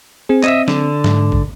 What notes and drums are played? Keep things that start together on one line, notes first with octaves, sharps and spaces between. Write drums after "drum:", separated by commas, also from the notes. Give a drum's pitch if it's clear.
C4 G#4
C4 D#5 E5, drum: clap
D3, drum: snare
G#2, drum: snare
drum: kick